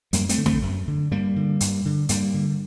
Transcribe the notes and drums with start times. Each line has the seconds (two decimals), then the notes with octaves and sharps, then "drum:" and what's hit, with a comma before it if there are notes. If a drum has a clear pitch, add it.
0.13 F#2 G3 A#3, drum: hi-hat
0.29 A3 C4, drum: hi-hat
0.38 D3
0.46 A3 C4, drum: snare
0.62 F#2
0.88 D3
1.11 G2 G3 A#3
1.36 D3
1.60 G2, drum: hi-hat
1.85 D3
2.09 G2 G3 A#3, drum: hi-hat
2.34 D3